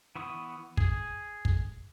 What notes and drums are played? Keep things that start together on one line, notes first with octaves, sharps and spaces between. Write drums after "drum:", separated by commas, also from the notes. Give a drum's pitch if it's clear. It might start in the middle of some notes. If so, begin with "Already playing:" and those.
E3 B3 C#6 D#6
G#4, drum: kick
drum: kick